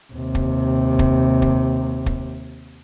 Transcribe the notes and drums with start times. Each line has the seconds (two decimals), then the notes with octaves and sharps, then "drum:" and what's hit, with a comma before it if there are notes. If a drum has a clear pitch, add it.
0.13 D#2 C3
0.35 drum: kick
0.99 drum: kick
1.42 drum: kick
2.06 drum: kick